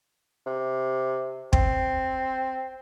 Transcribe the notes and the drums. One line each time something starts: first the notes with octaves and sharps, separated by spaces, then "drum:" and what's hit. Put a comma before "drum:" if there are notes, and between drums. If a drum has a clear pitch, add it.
C3
C4, drum: kick